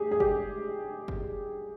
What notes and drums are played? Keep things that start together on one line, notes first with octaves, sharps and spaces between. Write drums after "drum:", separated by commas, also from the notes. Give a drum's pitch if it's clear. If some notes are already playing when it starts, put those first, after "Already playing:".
Already playing: G4 G#4
G#4
G4, drum: kick
drum: kick